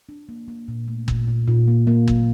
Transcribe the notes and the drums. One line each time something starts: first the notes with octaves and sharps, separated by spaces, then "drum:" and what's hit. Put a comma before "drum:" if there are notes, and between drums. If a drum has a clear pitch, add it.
D4
A#3
A#3
A#2
A3
A#2, drum: kick
A#2
A#2
A#3
A#3
F#3, drum: kick